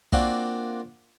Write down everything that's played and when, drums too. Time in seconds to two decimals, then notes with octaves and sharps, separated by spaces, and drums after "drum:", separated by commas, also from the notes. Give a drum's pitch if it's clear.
0.12 A#3 C4 D4 F4 F#4, drum: kick